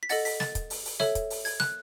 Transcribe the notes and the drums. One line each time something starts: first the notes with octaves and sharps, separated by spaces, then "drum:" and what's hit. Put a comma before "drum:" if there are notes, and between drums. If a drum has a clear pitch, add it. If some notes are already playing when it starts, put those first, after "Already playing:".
B6
A4 D#5 F#5 A6, drum: open hi-hat
B6, drum: open hi-hat
A6, drum: snare
drum: kick, hi-hat
drum: open hi-hat
drum: open hi-hat
A4 C#5 E5, drum: snare
drum: kick, hi-hat
drum: open hi-hat
G#6, drum: open hi-hat
F#6, drum: snare